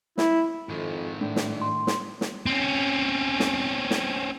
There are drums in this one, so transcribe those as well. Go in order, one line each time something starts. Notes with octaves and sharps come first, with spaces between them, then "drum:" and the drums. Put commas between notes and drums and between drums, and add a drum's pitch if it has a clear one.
E4, drum: snare
F2 G#2 D#3
A2 D4
drum: snare
C6
drum: snare
drum: snare
C4 C#4
drum: snare
drum: snare